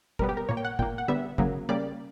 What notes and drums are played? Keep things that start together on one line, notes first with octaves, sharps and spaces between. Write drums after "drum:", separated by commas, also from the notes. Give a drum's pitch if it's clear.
B2 G3 B3 A#4, drum: kick
G4
A#4
A#2 A#3 C#5
G5
F#5
A#2 A#3 G5, drum: kick
F#5
D3 G3 B3 E5
C#3 F#3 A#3, drum: kick
C#3 G3 A#3 D5